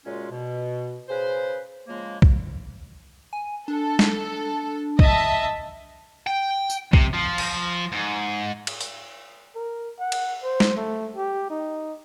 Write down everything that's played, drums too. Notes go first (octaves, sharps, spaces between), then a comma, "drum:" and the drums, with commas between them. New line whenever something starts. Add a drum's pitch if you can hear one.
A#2 C#3 G#3 C#4 F4 F#4
B2
C#3 G#4 B4 C5
C#3 F3 G#3 A#3
drum: kick B1
G#5
D4 A4
drum: snare
D#5 E5 A5, drum: kick B1
G5
drum: tambourine
C3, drum: kick B1
F3
drum: cymbal
G#2
drum: cymbal
drum: open hi-hat
A#4
F#5
drum: cymbal
C5
drum: snare
A3
G4
D#4